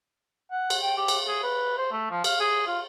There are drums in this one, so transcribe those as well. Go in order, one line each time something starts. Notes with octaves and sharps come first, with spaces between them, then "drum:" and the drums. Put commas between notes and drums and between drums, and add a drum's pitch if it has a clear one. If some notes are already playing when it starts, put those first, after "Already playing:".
F#5
drum: cymbal
G5
G4
drum: cymbal
G#4
B4
C5
A3
F3
F5, drum: cymbal
G#4
F4